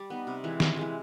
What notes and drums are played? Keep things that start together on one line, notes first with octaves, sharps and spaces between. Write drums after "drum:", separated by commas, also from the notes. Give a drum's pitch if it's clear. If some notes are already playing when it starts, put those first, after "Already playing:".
Already playing: G3 D5
B3 D#4
C3
E3 G#3
C3, drum: snare D#3
E3 G#3